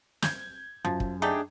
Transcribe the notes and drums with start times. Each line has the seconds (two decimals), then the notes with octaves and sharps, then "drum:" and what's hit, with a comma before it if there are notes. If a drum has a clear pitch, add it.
0.22 G6 G#6, drum: snare
0.85 F#2 F3
1.00 drum: kick
1.22 A3 D4 D#4 G4 G#4